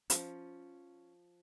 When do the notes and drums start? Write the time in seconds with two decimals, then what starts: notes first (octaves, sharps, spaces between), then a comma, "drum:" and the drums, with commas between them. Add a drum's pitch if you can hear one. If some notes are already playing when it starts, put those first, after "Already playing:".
0.10 F3 C#4, drum: hi-hat